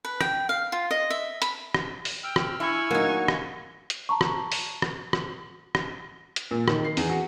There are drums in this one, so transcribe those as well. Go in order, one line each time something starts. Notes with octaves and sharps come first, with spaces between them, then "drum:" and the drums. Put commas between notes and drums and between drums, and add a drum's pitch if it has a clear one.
B4
G5, drum: rim click
F5
F4
D#5
E5
B5, drum: hi-hat
drum: rim click
drum: open hi-hat
G5 E6 F6
drum: rim click
E4 G#5 C#6
F#3 A#3 D#4
drum: rim click
drum: hi-hat
A5 A#5 C#6
drum: rim click
drum: open hi-hat
drum: rim click
drum: rim click
drum: rim click
drum: hi-hat
A#2
D#3, drum: rim click
C7
E2, drum: open hi-hat
F#4